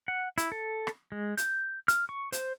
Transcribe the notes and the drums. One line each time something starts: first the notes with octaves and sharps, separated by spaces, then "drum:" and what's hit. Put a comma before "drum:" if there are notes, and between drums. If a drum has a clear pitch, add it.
F#5
E4, drum: hi-hat
A4
drum: rim click
G#3
G6, drum: hi-hat
F6, drum: hi-hat
C#6
C5, drum: hi-hat